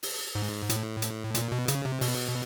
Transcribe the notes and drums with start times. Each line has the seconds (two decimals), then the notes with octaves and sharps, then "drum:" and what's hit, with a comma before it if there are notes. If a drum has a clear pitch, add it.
0.03 drum: open hi-hat
0.35 G#2
0.69 A2, drum: hi-hat
1.02 drum: hi-hat
1.35 A#2, drum: hi-hat
1.52 B2
1.68 C#3, drum: hi-hat
1.85 C3
2.01 B2, drum: open hi-hat